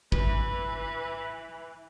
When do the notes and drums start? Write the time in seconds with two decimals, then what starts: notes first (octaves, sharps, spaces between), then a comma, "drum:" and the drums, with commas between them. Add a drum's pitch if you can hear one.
0.12 E3 B4, drum: kick G#1